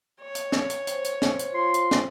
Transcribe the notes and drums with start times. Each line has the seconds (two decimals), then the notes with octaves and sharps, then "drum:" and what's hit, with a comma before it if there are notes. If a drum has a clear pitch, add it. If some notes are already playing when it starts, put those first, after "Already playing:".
0.22 C#5
0.35 drum: hi-hat
0.52 drum: snare
0.70 drum: hi-hat
0.87 C5, drum: hi-hat
1.04 drum: hi-hat
1.22 drum: snare
1.39 drum: hi-hat
1.54 F4 C6
1.74 drum: hi-hat
1.91 drum: snare